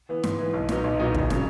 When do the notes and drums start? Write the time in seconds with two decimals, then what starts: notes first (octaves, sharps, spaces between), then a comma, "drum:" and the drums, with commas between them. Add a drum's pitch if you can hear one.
0.09 E3 B3
0.24 G#2, drum: snare
0.38 E3 B3
0.53 B1
0.69 A#2 F#3 B3 D#4, drum: snare
0.84 B1
0.99 A#2 F#3 B3 D#4
1.15 E1, drum: kick
1.30 C#3 F#3, drum: snare